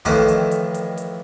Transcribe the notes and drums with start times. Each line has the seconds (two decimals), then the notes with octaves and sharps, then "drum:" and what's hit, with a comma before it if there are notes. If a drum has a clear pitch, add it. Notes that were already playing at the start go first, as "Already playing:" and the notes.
0.05 F2 A2 D#3 E3, drum: kick, hi-hat
0.28 drum: hi-hat
0.51 drum: hi-hat
0.74 drum: hi-hat
0.97 drum: hi-hat